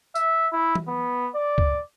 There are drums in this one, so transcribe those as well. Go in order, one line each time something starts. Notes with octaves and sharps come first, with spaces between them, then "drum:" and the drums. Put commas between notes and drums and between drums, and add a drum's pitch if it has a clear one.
E5, drum: tambourine
E4
drum: tom E3
B3
D5
drum: kick C#2